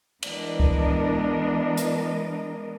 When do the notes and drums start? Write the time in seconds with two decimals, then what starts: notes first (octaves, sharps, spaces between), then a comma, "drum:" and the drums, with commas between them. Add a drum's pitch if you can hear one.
0.23 E3 G#3 B3 D4 A#4 D#5, drum: cymbal
0.60 drum: kick C#2
1.77 drum: hi-hat